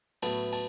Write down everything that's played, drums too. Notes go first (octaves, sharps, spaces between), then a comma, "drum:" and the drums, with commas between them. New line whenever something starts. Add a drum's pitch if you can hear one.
A2 F#3 B3 A5, drum: cymbal
A5, drum: cymbal